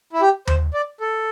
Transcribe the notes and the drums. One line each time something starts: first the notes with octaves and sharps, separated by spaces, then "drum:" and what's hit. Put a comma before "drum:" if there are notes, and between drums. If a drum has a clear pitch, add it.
E4
G4
C5, drum: tom D#2
D5
A4